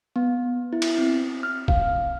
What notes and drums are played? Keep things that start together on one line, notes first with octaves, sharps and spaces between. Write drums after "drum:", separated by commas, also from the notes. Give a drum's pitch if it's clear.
B3
E4
drum: cymbal
C4
F6
F5, drum: kick